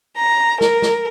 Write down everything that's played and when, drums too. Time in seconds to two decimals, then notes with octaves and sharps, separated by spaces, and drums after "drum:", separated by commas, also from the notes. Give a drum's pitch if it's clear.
0.17 A#5
0.61 A#4, drum: snare
0.82 drum: snare